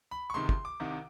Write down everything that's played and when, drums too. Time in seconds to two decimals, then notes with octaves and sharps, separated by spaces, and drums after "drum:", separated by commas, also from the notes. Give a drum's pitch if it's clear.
0.11 B5
0.30 C#6
0.34 C#2 C3 D#3 C6
0.49 C6, drum: kick
0.65 D6
0.80 C2 C3 D#3